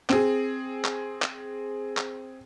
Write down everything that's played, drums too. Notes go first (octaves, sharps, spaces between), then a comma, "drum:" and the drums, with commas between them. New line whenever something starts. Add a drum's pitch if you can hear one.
C4 G#4, drum: clap
drum: clap
drum: clap
drum: clap